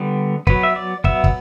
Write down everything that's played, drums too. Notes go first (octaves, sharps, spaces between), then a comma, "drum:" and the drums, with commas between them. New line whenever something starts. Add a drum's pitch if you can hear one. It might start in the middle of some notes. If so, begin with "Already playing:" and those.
Already playing: D3 G3 B3
F#3 B3 B4, drum: kick
E5
D5
F#3 B3 E5, drum: kick
drum: kick